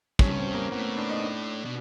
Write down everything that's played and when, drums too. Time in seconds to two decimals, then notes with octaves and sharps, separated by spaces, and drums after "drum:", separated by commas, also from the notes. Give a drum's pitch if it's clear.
0.19 G2 C#4, drum: kick
0.37 C4
0.54 A#3
0.71 A2 B3
0.97 D4
1.09 D#4
1.22 D4
1.65 B2